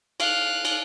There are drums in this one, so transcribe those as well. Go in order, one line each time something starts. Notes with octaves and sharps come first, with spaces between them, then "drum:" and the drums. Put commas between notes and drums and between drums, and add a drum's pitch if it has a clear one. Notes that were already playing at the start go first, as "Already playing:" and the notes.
F5 F#6, drum: cymbal
drum: cymbal